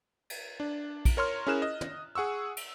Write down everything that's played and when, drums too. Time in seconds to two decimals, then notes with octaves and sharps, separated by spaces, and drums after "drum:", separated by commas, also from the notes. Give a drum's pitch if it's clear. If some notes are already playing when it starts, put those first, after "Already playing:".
0.30 drum: cymbal
0.60 D4
1.05 drum: kick, cymbal
1.17 A#4 C#5 C6 F6
1.47 C#4 E4 G#4 A#4 F#6 E7
1.62 D#5
1.81 drum: tom
2.15 G#4 F#5 C#6 E6
2.57 drum: cymbal